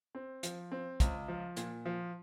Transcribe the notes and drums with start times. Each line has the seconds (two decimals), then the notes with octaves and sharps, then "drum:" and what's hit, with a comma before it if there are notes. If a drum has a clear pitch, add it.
0.15 C4
0.43 F3, drum: hi-hat
0.72 C4
1.00 C#2, drum: kick, hi-hat
1.28 F3
1.57 A#2, drum: hi-hat
1.86 F3